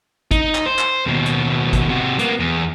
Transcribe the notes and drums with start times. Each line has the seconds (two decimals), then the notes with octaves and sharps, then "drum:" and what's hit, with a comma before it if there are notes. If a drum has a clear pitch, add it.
0.31 D#4, drum: kick, hi-hat
0.55 drum: clap
0.66 C5
0.79 drum: clap
1.06 D#2 B2
1.26 drum: hi-hat
1.73 drum: kick, hi-hat
1.89 C3 F#4
2.19 A#3 B3, drum: hi-hat
2.40 E2